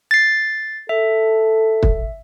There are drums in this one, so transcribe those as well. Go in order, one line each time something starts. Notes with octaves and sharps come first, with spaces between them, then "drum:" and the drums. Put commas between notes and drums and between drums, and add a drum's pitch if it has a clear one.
A6 C7
A4 E5
drum: kick